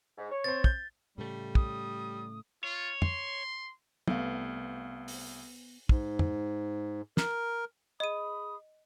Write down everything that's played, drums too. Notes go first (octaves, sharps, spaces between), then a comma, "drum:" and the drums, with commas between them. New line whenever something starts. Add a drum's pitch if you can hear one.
G#2
C#5
C4 C5 A6
G6, drum: kick
A2 C#3 G3 A3
D#6, drum: kick
F4 C#5
C6, drum: tom
C2 A3 B3 F5, drum: tom
drum: open hi-hat
G#2, drum: kick
drum: tom
A#4, drum: snare
G#4 D#5 B5 D#6 D#7